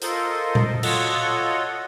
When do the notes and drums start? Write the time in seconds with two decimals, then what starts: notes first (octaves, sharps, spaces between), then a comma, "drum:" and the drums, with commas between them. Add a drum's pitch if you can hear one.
0.02 F4 A4 A#4 C5 D#5, drum: hi-hat
0.55 drum: tom A#2
0.83 F4 F#4 A4 C#5 D#5 F#5, drum: cymbal